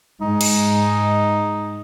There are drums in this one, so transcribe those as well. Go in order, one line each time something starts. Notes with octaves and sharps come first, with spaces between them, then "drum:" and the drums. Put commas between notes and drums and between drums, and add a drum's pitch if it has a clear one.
G#2 G#3 D#4
drum: cymbal